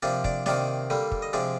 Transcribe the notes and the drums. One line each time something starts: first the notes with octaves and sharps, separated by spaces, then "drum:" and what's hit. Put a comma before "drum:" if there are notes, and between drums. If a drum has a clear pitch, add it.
C3 F3 A#3 D4 D5
D4 D5, drum: kick
C3 D#3 A#3 D4 D5, drum: snare
D3 G3 A#3
drum: kick
D#5
C3 F3 G#3 D4 D5